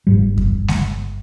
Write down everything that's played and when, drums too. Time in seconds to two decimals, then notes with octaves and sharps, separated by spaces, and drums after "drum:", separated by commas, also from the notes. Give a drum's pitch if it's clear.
0.07 G1 G#2 G3
0.37 drum: kick E2
0.68 drum: snare G#3